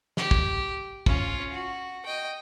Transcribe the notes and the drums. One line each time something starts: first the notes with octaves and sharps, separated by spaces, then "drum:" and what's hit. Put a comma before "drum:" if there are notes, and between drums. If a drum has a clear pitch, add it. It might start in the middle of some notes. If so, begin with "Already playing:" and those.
G4, drum: snare
drum: kick
C#4 F4, drum: kick
F#4
D#5 G5